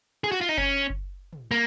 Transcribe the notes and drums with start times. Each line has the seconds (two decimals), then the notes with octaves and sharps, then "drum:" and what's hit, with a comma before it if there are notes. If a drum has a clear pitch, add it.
0.24 G#4
0.32 F#4
0.41 F4
0.49 D#4
0.58 C#4, drum: kick F#1
0.90 drum: kick F#1
1.33 drum: tom
1.51 A#3